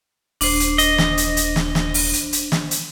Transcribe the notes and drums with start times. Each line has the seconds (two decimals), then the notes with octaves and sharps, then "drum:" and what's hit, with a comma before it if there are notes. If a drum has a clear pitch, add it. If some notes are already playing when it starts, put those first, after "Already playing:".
0.41 D#1 D4 C5, drum: open hi-hat
0.60 drum: hi-hat
0.78 D#5, drum: hi-hat
0.98 drum: snare
1.18 drum: hi-hat
1.37 drum: hi-hat
1.56 drum: snare
1.75 drum: snare
1.94 drum: open hi-hat
2.13 drum: hi-hat
2.33 drum: hi-hat
2.52 drum: snare
2.71 drum: hi-hat